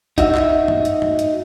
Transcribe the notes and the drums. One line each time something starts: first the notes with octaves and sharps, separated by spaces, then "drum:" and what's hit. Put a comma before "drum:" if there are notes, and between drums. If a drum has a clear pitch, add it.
D#4 F#4 E5, drum: kick, hi-hat
drum: clap
drum: tom
drum: hi-hat
drum: tom
drum: hi-hat